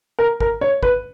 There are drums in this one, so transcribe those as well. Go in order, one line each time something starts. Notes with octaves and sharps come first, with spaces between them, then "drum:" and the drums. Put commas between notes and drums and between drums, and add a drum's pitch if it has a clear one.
A#4
A#4, drum: kick
C#5
B4, drum: kick